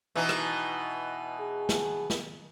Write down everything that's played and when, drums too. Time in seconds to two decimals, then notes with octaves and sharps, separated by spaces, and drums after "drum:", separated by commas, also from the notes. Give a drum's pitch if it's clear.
0.15 B2 E3 D#4
0.29 drum: rim click
1.41 G#4
1.69 drum: snare
2.10 drum: snare